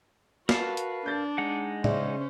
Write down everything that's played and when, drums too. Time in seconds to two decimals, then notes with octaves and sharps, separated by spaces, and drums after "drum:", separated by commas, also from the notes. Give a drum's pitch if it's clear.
0.49 F#4 A#4 B4 F5 A5, drum: snare
0.77 drum: hi-hat
1.06 D4 G6 A6
1.38 G#3 D#4 F#5
1.84 C#3 C#4 C5 D5 E5, drum: tom